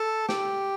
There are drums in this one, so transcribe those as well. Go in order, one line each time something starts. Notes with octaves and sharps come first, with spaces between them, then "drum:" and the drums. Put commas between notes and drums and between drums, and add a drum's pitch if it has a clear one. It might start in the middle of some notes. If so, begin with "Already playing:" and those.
Already playing: A4
G4, drum: snare